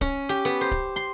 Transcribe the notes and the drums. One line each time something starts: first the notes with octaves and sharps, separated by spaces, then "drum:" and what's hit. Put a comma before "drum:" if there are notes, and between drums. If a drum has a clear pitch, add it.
C#4, drum: kick C#1
G4
B3
C5
drum: kick C#1
C6